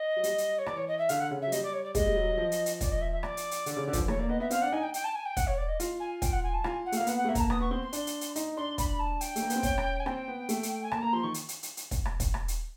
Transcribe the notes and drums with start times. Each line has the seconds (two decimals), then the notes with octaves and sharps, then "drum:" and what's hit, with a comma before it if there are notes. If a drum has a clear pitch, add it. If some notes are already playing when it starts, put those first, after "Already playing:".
Already playing: D#5
0.16 F#3
0.24 G3, drum: hi-hat
0.38 drum: hi-hat
0.58 C#5
0.66 E3 D5, drum: rim click
0.77 C#5
0.88 D#5
0.98 E5
1.09 D3 F5, drum: hi-hat
1.20 F#5
1.31 C#3
1.42 E5
1.47 F#3
1.52 G3 D#5, drum: hi-hat
1.63 D5
1.73 C#5
1.84 D5
1.95 G#3 D#5, drum: kick, hi-hat
2.06 G3
2.16 F#3
2.29 F#3
2.37 F3
2.52 drum: hi-hat
2.66 drum: hi-hat
2.81 D5, drum: kick, hi-hat
2.91 D#5
3.01 E5
3.12 E5
3.23 D5, drum: rim click
3.37 drum: hi-hat
3.51 drum: hi-hat
3.66 D3, drum: hi-hat
3.77 C#3
3.87 D3
3.93 F3, drum: kick, hi-hat
3.98 E3
4.08 A3 C#5, drum: rim click
4.19 A#3 D5
4.29 B3 D#5
4.40 B3 E5
4.51 C4 F5, drum: hi-hat
4.62 D4 F#5
4.72 D#4 G#5
4.83 G5
4.94 G5, drum: hi-hat
5.04 A5
5.15 G#5
5.25 G5
5.37 F#5, drum: kick, hi-hat
5.47 C#5
5.58 D5
5.68 D#5
5.80 F4, drum: hi-hat
6.00 G#5
6.22 G5, drum: kick, hi-hat
6.32 F#5
6.43 G#5
6.54 A5
6.64 F4 G#5, drum: rim click
6.86 F#5
6.92 A3, drum: hi-hat
6.97 A#3 F5
7.07 B3 F#5, drum: hi-hat
7.18 F#5
7.25 A3
7.28 A#3 E5
7.35 A#5, drum: kick, hi-hat
7.40 A5
7.50 B3 D#6, drum: rim click
7.61 B3 C#6
7.71 C4 C6
7.82 C6
7.93 D4, drum: hi-hat
8.07 drum: hi-hat
8.21 drum: hi-hat
8.36 D#4, drum: hi-hat
8.57 D4 C6
8.78 B5, drum: kick, hi-hat
8.99 A5
9.21 G5, drum: hi-hat
9.36 A3, drum: hi-hat
9.42 A#3
9.50 B3, drum: hi-hat
9.56 C4
9.63 C#4, drum: kick, hi-hat
9.78 drum: rim click
10.00 G#5
10.06 C4 G5, drum: rim click
10.28 B3
10.49 A3, drum: hi-hat
10.63 drum: hi-hat
10.83 G#5
10.91 A#3 A5, drum: rim click
11.02 A#3 A#5
11.13 F3 C6
11.23 D#3 C#6
11.34 drum: hi-hat
11.49 drum: hi-hat
11.63 drum: hi-hat
11.77 drum: hi-hat
11.91 drum: kick, hi-hat
12.05 drum: rim click
12.20 drum: kick, hi-hat
12.34 drum: rim click
12.48 drum: hi-hat